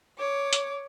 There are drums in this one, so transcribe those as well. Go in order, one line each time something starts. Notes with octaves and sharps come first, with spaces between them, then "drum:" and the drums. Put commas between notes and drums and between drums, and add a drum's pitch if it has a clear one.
C#5 D6
drum: hi-hat